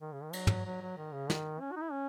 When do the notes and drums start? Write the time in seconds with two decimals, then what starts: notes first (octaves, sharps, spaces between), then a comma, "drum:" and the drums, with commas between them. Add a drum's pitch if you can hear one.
0.01 D#3
0.13 C#3
0.23 D#3
0.33 F#3, drum: cymbal
0.47 drum: tom
0.66 F#3
0.81 F#3
0.97 D#3
1.13 C#3
1.30 D#3, drum: snare
1.60 C#4
1.72 F#4
1.76 D#4
1.81 E4
1.92 C#4